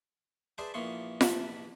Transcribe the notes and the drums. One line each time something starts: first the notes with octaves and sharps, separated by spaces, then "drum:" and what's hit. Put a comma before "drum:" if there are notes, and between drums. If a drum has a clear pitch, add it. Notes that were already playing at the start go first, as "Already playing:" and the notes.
G#4 B4 C5 D5 E5 A5
A#1 E3 A#3 B3 C6 C#6
A#1 C3 E3 E5 A5 B5, drum: snare F4